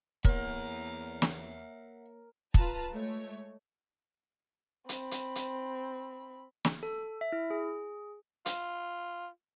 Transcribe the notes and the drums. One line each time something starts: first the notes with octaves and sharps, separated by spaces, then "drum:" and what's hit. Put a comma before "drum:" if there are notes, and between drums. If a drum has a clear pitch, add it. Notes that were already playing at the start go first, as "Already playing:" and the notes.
E2 A#3 A#4 C#5 E5 F#5, drum: kick
drum: snare
F4 B4 A5 A#5, drum: kick
G#3 A3 C#5
C4 B5, drum: hi-hat
drum: hi-hat
drum: hi-hat
drum: snare
A4
E5
E4
G#4
F4, drum: hi-hat